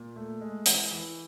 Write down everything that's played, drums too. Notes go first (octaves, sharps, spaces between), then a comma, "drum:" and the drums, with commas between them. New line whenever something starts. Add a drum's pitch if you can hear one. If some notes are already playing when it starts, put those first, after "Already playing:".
Already playing: A#2
A3
G#3
E3, drum: hi-hat
E3